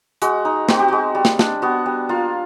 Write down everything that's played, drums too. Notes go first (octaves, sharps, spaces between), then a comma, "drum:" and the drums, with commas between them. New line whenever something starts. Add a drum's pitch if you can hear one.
G#3 F#4, drum: hi-hat
D#4
C4 F#4, drum: snare
G4
G#3 F#4
G3
drum: snare
D4, drum: snare
B3 F#4
G3
A#3 F4